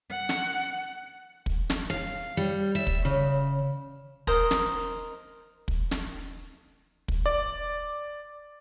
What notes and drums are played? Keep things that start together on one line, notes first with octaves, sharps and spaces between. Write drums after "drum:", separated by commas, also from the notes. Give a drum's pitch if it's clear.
F#5
drum: snare
drum: kick
drum: snare
F5
G3
E5
drum: kick
C#3
A#4 C5 D#5, drum: kick
drum: snare
drum: kick
drum: snare
drum: kick
D5